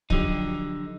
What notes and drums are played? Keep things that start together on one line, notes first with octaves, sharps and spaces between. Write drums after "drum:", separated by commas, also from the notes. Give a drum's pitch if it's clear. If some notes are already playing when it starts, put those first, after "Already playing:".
D3 F3 F#3 D#4 G4, drum: kick